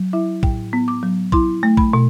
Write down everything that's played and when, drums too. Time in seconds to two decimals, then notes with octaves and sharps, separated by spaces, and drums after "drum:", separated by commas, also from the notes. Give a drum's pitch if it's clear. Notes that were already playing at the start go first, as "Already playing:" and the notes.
Already playing: F#3
0.13 E4 E5
0.43 A2 G5, drum: kick
0.73 B3
0.88 D6
1.03 F#3
1.32 E4 C6, drum: kick
1.63 A3
1.77 B5, drum: kick
1.93 B2